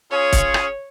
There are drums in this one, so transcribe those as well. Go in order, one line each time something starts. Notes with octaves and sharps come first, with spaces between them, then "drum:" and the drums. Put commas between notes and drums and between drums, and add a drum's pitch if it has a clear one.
C#4 F4 G#4 C#5
drum: kick, hi-hat
drum: rim click